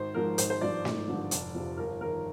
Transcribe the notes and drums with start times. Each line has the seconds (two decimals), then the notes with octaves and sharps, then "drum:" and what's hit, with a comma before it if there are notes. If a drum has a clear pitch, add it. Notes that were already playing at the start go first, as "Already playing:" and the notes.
Already playing: G#1 C5
0.14 G#2 F3 A#4
0.38 G#1 C5, drum: hi-hat
0.50 C5
0.61 G2 F3 D5
0.85 G#1, drum: snare
1.08 G2 D3 F3
1.31 F1, drum: hi-hat
1.55 F2 C3 F3
1.77 G1 A#4
2.01 F2 D#3 A#4